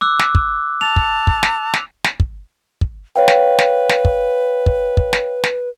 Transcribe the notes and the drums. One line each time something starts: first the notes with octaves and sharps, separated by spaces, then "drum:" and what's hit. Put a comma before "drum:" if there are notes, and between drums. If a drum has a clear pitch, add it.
D6 E6 F#6
drum: snare
drum: kick
A5 F7
drum: kick
drum: kick
drum: snare
drum: snare
drum: snare
drum: kick
drum: kick
B4 C#5 F5 G5
drum: snare
drum: snare
drum: snare
drum: kick
drum: kick
drum: kick
drum: snare
drum: snare